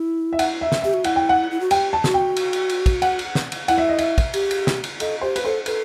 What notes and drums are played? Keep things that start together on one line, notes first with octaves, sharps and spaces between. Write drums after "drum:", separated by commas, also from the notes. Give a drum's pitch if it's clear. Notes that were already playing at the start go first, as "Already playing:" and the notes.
Already playing: E4
E5
F#5, drum: cymbal
E5
drum: snare
G4 E5
F#4
E4 F#5, drum: cymbal
G5
F#5
E4
F#4
G4 G5, drum: cymbal
A5
F#4, drum: snare
G5
drum: cymbal
drum: cymbal
drum: cymbal
drum: kick, cymbal
F#5, drum: cymbal
drum: cymbal
drum: snare
drum: cymbal
E4 F#5, drum: cymbal
E5
D#5
E5, drum: cymbal
drum: kick, cymbal
G4, drum: cymbal
drum: cymbal
drum: snare
drum: cymbal
A4 D#5, drum: cymbal
G4 C5
B4, drum: cymbal
A4 C5
A4 B4, drum: cymbal